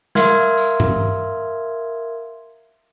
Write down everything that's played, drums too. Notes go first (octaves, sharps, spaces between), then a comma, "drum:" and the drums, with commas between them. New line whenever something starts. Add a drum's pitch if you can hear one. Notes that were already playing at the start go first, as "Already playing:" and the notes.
A#4 E5 F5 C6 F6 G#6, drum: snare
drum: tambourine
drum: tom G2